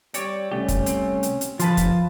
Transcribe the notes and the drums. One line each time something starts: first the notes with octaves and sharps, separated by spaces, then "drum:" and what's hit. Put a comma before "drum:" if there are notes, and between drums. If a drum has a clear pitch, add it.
G3 C4 C#5 D5, drum: hi-hat
C2 A3 C#4 G4
drum: kick, hi-hat
C4, drum: hi-hat
drum: hi-hat
drum: hi-hat
F3 F4 B4 A5 C6, drum: hi-hat
drum: kick, hi-hat